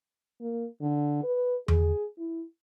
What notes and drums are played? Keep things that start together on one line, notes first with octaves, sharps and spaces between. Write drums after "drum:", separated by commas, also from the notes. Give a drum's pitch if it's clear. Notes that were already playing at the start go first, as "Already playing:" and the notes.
A#3
D3
B4
G#4, drum: tom E2
E4